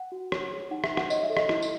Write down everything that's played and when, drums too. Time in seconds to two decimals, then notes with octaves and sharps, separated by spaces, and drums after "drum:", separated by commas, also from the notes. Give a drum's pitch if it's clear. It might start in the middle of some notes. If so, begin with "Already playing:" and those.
Already playing: F#5
0.12 F#4
0.32 C#5, drum: rim click
0.51 G#4
0.71 D#4 F#5
0.84 E5, drum: rim click
0.90 D#4
0.97 F#5, drum: rim click
1.10 C#5 D#5, drum: tambourine
1.23 E5
1.30 A4
1.37 D#5, drum: rim click
1.49 E4, drum: rim click
1.62 drum: tambourine